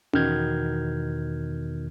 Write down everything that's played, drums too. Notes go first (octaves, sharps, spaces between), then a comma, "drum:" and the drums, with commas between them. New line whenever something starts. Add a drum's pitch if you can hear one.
E2 B2 D#3 F6 G6 G#6, drum: tom C#4